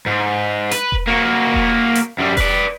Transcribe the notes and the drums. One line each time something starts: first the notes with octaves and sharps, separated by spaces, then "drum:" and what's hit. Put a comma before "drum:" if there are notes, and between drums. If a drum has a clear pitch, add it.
G#2
B4, drum: hi-hat
drum: kick E1
A#3 F#4
drum: kick E1
drum: hi-hat
F#2 G3
B4 D5, drum: kick E1, open hi-hat